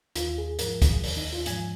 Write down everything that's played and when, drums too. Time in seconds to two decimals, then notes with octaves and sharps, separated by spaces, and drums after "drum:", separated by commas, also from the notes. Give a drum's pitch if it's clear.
0.16 D#2 D#3 F4, drum: hi-hat
0.38 G#4
0.59 G#2 F3 A#4, drum: hi-hat
0.82 G#4, drum: kick, hi-hat
1.03 D#2 D#3, drum: open hi-hat
1.17 D#4
1.33 F4
1.46 G#2 F3 G#5, drum: hi-hat